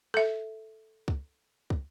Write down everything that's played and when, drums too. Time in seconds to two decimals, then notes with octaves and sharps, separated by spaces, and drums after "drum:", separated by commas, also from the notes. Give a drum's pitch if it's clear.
0.14 A4 E5
1.08 drum: kick
1.70 drum: kick